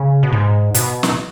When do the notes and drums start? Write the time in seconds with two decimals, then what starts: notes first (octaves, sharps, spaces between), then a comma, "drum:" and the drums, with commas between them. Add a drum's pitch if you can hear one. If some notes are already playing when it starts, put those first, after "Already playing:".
Already playing: C#3
0.23 B2
0.32 G#2
0.74 B2, drum: hi-hat
1.03 drum: snare